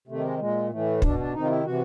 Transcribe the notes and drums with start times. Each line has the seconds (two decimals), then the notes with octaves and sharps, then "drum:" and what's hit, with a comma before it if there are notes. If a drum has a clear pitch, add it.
0.07 C3 D#3 A3
0.24 G#3
0.39 A#2 G#3
0.71 A2 E3 A3
1.02 B2 D4, drum: kick
1.18 D4
1.33 C3 D#3 D#4
1.44 F4
1.49 E4
1.65 C3 E3 F#4